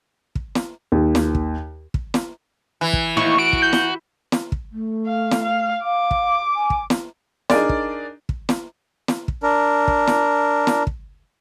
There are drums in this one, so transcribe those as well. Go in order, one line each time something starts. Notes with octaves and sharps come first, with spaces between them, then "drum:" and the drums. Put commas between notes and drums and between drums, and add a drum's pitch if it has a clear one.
drum: kick
drum: snare
D#2
drum: snare
drum: kick
drum: kick
drum: snare
E3
drum: kick
D#2 E4 C#6
F#4 D7
drum: kick
G6
drum: snare
drum: snare
drum: kick
A3
F5
drum: snare
F5
F5 D6
drum: kick
G#5
drum: kick
drum: snare
D4 D#4 G#4 A#4 D5, drum: snare
drum: kick
drum: kick
drum: snare
drum: snare
drum: kick
D4 A#4
drum: kick
drum: snare
drum: snare
drum: kick